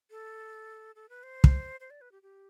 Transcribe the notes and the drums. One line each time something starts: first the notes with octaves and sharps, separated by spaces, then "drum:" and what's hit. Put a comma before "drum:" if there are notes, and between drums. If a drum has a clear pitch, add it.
A4
A4
B4
C5
drum: kick
C5
D5
B4
G4
G4